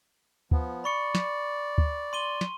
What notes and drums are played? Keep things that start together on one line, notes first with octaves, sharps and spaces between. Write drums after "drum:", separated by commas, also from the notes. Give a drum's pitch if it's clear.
F3 B3, drum: kick
D5 B5 C#6 C#7
drum: snare
drum: kick
C6 D#7 G7
drum: snare